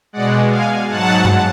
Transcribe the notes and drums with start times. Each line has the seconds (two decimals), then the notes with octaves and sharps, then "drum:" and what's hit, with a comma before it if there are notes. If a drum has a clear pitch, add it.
0.13 B2 G#3 D5 F#5
0.51 F5 G#5
0.89 G#2 F#3 F#5 A5
1.25 drum: tom G2